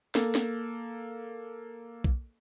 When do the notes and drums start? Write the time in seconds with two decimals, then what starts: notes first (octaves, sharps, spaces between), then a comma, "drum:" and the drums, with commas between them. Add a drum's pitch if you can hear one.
0.15 A#3 A4, drum: snare
0.35 drum: snare
2.04 drum: kick B1